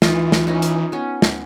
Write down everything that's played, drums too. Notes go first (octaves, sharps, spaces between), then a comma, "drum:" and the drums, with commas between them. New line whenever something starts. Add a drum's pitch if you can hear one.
E3 D#4 F4, drum: snare
drum: snare
C#4 D#4
drum: hi-hat
B3 C#4
drum: snare